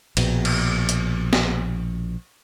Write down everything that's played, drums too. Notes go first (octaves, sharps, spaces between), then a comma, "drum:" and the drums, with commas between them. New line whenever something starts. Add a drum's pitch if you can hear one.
A#1 B2, drum: cymbal
drum: cymbal
drum: hi-hat
drum: snare